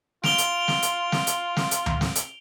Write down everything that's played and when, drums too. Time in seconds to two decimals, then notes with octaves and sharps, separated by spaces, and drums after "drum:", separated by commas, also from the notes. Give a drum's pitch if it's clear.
0.24 F4 D7 F7 G7, drum: snare
0.38 drum: hi-hat
0.68 drum: snare
0.83 drum: hi-hat
1.12 drum: snare
1.27 drum: hi-hat
1.57 drum: snare
1.71 drum: hi-hat
1.86 drum: tom C#2
2.01 drum: snare
2.16 drum: hi-hat